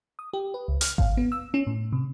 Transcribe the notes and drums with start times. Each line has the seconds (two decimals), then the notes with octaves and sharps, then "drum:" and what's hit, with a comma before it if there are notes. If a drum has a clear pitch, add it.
0.19 D#6
0.33 G4
0.54 B4
0.68 C#2
0.81 F6, drum: hi-hat
0.98 F5, drum: kick G#1
1.17 B3
1.32 E6
1.54 C#4
1.67 A2
1.93 C3